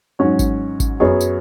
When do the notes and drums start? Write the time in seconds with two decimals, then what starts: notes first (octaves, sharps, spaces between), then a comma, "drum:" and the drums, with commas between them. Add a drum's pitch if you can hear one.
0.19 G#2 F#3 C#4 F#4 C#5
0.39 drum: kick G#1, tambourine
0.80 drum: kick G#1, tambourine
1.00 F#2 F#3 B3 G#4 C#5
1.21 drum: tambourine